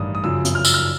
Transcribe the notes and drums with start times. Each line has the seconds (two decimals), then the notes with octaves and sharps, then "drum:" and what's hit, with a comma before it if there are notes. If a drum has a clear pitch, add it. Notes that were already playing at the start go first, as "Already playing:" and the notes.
Already playing: A1 G2 D#3 D#6
0.15 D#6
0.24 F#2 C#3 F3 E6
0.45 drum: hi-hat
0.55 F6
0.65 E6, drum: tambourine
0.74 F6